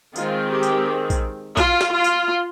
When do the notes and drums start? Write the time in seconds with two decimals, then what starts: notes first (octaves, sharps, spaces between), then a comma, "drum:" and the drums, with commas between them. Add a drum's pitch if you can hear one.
0.16 D#3 G#3 C4 F4, drum: tambourine
0.51 G4
0.63 drum: tambourine
1.10 drum: kick, tambourine
1.57 F4, drum: kick, tambourine
1.81 drum: snare
1.93 F4
2.04 drum: tambourine